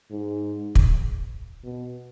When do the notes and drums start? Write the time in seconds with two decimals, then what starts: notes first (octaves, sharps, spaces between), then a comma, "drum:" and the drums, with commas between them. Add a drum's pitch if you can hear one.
0.10 G#2
0.75 drum: kick
1.64 B2